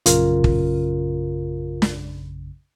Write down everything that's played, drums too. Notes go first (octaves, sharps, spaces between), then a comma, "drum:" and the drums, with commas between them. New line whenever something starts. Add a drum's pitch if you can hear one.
A#1 F#2 C#3 F4 A#4, drum: hi-hat
drum: kick
drum: snare